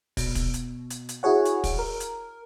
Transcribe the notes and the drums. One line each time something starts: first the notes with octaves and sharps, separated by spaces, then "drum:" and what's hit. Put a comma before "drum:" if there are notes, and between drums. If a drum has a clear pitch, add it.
B2, drum: kick, open hi-hat
drum: kick, hi-hat
drum: hi-hat
drum: hi-hat
drum: hi-hat
E4 F#4 G#4 C#5 F#5
drum: hi-hat
drum: kick, open hi-hat
A#4
drum: hi-hat